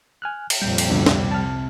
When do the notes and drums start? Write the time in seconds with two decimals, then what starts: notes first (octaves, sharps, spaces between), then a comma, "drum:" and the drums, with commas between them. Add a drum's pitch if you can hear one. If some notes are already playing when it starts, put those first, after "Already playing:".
0.22 G#5 F6 F#6
0.50 drum: cymbal
0.62 F2 A#2 G3 G6
0.78 drum: cymbal
0.90 C2 G2 B2 D3
1.06 drum: snare
1.32 A5 F6